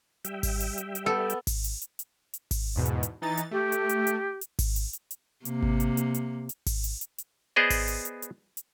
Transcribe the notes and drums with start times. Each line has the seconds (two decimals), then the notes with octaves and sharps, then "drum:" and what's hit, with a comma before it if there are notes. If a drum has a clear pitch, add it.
0.25 G3 E5 G5, drum: hi-hat
0.43 drum: kick G#1, open hi-hat
0.60 drum: hi-hat
0.78 drum: hi-hat
0.95 drum: hi-hat
1.06 B3 A4
1.30 drum: hi-hat
1.47 drum: kick G#1, open hi-hat
1.64 drum: hi-hat
1.82 drum: hi-hat
1.99 drum: hi-hat
2.34 drum: hi-hat
2.51 drum: kick G#1, open hi-hat
2.75 E2 G#2 B2
2.85 drum: hi-hat
3.03 drum: hi-hat
3.22 E3 D#4 A#5 A6
3.37 drum: hi-hat
3.51 A3 G4
3.72 drum: hi-hat
3.89 drum: hi-hat
4.07 drum: hi-hat
4.41 drum: hi-hat
4.59 drum: kick G#1, open hi-hat
4.76 drum: hi-hat
4.93 drum: hi-hat
5.11 drum: hi-hat
5.45 C3 A#3, drum: hi-hat
5.63 drum: kick G#1
5.80 drum: hi-hat
5.97 drum: hi-hat
6.14 drum: hi-hat
6.49 drum: hi-hat
6.66 drum: kick G#1, open hi-hat
6.84 drum: hi-hat
7.01 drum: hi-hat
7.18 drum: hi-hat
7.56 B3 G#4 C5 D5 D#5
7.70 drum: kick G#1, open hi-hat
7.88 drum: hi-hat
8.05 drum: hi-hat
8.22 drum: hi-hat
8.57 drum: hi-hat